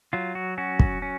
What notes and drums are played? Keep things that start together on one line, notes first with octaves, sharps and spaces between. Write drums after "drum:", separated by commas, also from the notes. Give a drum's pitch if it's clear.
F#3 F4
F#4
C#4 F#4
drum: kick
C#4